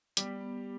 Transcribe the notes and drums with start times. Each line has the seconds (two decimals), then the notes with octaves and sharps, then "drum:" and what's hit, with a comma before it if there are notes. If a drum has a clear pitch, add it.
0.17 G3 B3 G4, drum: hi-hat
0.41 B3